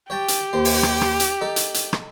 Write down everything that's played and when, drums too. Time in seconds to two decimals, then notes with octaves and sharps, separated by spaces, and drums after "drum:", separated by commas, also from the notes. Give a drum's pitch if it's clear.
0.10 G4 C#5 G5 A5
0.28 drum: hi-hat
0.53 D#2 C5
0.65 drum: open hi-hat
0.83 drum: rim click
1.01 drum: rim click
1.20 drum: hi-hat
1.41 D#4 A4
1.56 drum: hi-hat
1.74 drum: hi-hat
1.93 drum: rim click